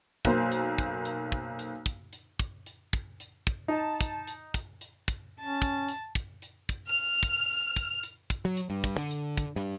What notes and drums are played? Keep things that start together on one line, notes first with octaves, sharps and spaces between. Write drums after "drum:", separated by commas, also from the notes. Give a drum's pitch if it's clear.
B1 A#3 C5, drum: kick, hi-hat
drum: hi-hat
drum: kick, hi-hat
drum: hi-hat
drum: kick
drum: hi-hat
drum: kick, hi-hat
drum: hi-hat
drum: kick, hi-hat
drum: hi-hat
drum: kick, hi-hat
drum: hi-hat
drum: kick, hi-hat
D#4 A5
drum: kick, hi-hat
drum: hi-hat
drum: kick, hi-hat
drum: hi-hat
drum: kick, hi-hat
C#4 A5
drum: kick, hi-hat
drum: hi-hat
drum: kick, hi-hat
drum: hi-hat
drum: kick, hi-hat
F6
drum: kick, hi-hat
drum: kick, hi-hat
drum: hi-hat
drum: kick, hi-hat
F#3
drum: hi-hat
G2
drum: kick, hi-hat
D3
drum: hi-hat
drum: kick, hi-hat
G2